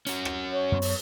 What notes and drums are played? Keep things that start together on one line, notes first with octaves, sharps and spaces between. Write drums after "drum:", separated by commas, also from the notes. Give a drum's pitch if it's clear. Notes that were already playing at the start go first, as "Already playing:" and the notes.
C#4 F#4, drum: hi-hat
drum: rim click
C#5
F#2 B3
drum: open hi-hat